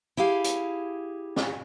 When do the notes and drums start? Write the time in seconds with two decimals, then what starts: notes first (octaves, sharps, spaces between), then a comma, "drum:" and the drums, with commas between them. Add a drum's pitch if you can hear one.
0.17 E4 G4 G#4 F5
0.44 drum: hi-hat
1.36 drum: snare